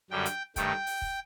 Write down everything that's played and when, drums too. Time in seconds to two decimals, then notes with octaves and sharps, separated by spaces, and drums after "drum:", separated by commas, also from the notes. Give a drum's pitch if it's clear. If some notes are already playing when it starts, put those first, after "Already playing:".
0.11 F#2 D3 G3 G5
0.26 drum: hi-hat
0.56 G2 D#3 A3 G5, drum: kick, hi-hat
0.86 drum: open hi-hat
1.02 drum: kick